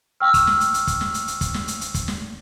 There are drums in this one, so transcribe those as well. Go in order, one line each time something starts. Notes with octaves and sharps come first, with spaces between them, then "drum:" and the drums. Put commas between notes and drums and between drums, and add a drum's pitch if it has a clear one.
G5 C#6 E6 F6
drum: kick, hi-hat
drum: snare
drum: hi-hat
drum: hi-hat
drum: kick, hi-hat
drum: snare
drum: hi-hat
drum: hi-hat
drum: kick, hi-hat
drum: snare
drum: hi-hat
drum: hi-hat
drum: kick, hi-hat
drum: snare